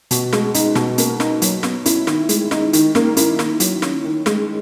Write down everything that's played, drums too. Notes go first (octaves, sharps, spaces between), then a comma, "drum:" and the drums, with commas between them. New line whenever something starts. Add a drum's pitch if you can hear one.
B2, drum: hi-hat
G#3, drum: snare
D#4, drum: hi-hat
B2, drum: snare
A#3, drum: hi-hat
D#4, drum: snare
F#3, drum: hi-hat
B3, drum: snare
E4, drum: hi-hat
D#3, drum: snare
G#3, drum: hi-hat
D#4, drum: snare
D#3, drum: hi-hat
A#3, drum: snare
E4, drum: hi-hat
D#3, drum: snare
F#3, drum: hi-hat
C#4, drum: snare
D#3
G#3, drum: snare